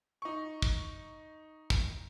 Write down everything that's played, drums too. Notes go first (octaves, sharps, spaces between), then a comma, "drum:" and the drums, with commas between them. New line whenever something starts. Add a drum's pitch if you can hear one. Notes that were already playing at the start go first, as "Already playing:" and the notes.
D#4 C#6
drum: kick
drum: kick